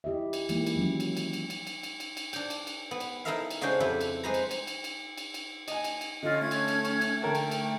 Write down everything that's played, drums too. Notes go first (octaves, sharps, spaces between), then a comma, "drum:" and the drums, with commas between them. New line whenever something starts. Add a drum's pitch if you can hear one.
E4 G4 D#5 E5
drum: cymbal
E3 G#3 A#3 D#4 E4, drum: cymbal
drum: cymbal
D#3 F#3 G#3 C#4
drum: cymbal
drum: cymbal
drum: cymbal
drum: cymbal
drum: cymbal
drum: cymbal
drum: cymbal
drum: cymbal
D4 G5, drum: cymbal
drum: cymbal
drum: cymbal
B3
drum: cymbal
D#4 E4 A4 A#4 E5 F5
drum: cymbal
C#3 G#3 D4 F#4 C5 G5
F2 E4 G4 B4
drum: cymbal
G#3 G4 B4 C5 A#5
drum: cymbal
drum: cymbal
drum: cymbal
drum: cymbal
drum: cymbal
drum: cymbal
D#5 G#5, drum: cymbal
drum: cymbal
drum: cymbal
D3 C#4 F4 D#5
A3 G#6
drum: cymbal
drum: cymbal
drum: cymbal
drum: cymbal
D3 A#4 G5 A5
drum: cymbal
drum: cymbal